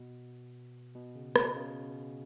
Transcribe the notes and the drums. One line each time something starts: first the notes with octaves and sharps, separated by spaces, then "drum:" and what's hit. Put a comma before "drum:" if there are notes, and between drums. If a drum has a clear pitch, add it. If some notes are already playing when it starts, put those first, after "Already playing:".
Already playing: B2
B2
C#3
B2, drum: rim click
C#3